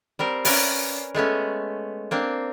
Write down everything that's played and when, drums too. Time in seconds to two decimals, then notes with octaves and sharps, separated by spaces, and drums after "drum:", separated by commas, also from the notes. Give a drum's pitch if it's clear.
0.19 G3 C4 A#4
0.45 C#4 A#4 B4 D5, drum: open hi-hat
1.15 G#3 A3 B3 C#4
2.11 A#3 C4 D4